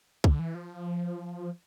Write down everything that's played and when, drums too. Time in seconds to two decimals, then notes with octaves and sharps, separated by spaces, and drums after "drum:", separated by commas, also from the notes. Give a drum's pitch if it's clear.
0.24 D3, drum: kick
0.39 E3
0.55 F3